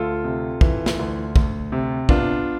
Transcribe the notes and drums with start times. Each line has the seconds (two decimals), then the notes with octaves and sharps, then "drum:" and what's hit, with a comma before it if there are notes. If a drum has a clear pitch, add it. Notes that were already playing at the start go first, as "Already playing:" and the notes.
Already playing: D2 F4 A4
0.24 C3
0.61 E3, drum: kick
0.86 drum: snare
0.99 D2
1.36 D2, drum: kick
1.72 C3
2.09 B3 D4 F4, drum: kick